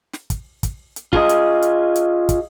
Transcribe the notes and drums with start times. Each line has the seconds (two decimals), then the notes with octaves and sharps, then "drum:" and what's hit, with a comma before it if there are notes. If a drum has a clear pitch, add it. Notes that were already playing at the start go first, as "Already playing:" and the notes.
0.13 drum: snare
0.30 drum: kick, hi-hat
0.63 drum: kick, hi-hat
0.96 drum: hi-hat
1.13 F4 G#4 D#5, drum: kick
1.29 drum: hi-hat
1.62 drum: hi-hat
1.96 drum: hi-hat
2.29 drum: kick, hi-hat